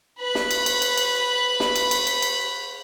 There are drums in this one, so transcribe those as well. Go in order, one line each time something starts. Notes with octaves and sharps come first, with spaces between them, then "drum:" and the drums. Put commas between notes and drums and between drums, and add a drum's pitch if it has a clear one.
B4 B5
drum: snare
drum: cymbal
drum: cymbal
drum: cymbal
drum: cymbal
drum: snare
drum: cymbal
drum: cymbal
drum: cymbal
drum: cymbal